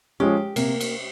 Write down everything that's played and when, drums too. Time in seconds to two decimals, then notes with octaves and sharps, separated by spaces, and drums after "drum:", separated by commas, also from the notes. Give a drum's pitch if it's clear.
0.20 F3 G#3 C#4 G4
0.56 C3 A#3, drum: cymbal
0.80 drum: cymbal